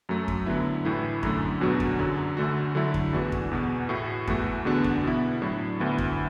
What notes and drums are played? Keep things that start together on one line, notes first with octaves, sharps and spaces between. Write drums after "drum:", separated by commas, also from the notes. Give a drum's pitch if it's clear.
F#2 F#3 A3
drum: kick F2
D3 F#3 B3 E4
A2 E3 A3 E4
F#2 D3 A3, drum: kick F2
E2 B2 F#3 D4 F#4
drum: kick F2
F#2 D3 F#3
D2 D3 A3 F#4
D3 F#3 A3 E4
drum: kick F2
E2 E3 D4 F#4
drum: kick F2
E2 B2 B3
A2 A3 F#4
E2 E3 A3 F#4, drum: kick F2
E2 D3 B3 D4 F#4
drum: kick F2
B2 B3 E4
A2 F#3 D4
D2 D3 B3 E4
drum: kick F2